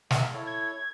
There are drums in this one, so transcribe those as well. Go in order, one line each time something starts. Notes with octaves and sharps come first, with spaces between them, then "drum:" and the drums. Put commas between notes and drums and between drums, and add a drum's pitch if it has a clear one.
G#3 F5, drum: snare
E4 A4 C#5
G#6